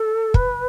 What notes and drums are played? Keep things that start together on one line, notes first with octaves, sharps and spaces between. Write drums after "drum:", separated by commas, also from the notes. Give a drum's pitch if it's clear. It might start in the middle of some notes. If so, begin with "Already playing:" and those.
Already playing: A4
B4, drum: kick